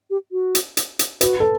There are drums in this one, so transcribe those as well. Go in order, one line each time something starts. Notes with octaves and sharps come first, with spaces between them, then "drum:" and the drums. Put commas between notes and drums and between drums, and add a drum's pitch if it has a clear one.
G4
F#4
drum: hi-hat
drum: hi-hat
drum: hi-hat
F#4 B4, drum: hi-hat
A4